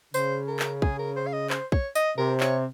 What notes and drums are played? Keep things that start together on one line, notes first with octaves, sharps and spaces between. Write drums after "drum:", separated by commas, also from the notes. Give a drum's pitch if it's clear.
C#3 C5, drum: tambourine
A#4
drum: clap
G#4, drum: kick
A#4
C5
F5
D#5
C5, drum: clap
C#5, drum: kick
D#5, drum: tambourine
C3 A#4
C#5, drum: clap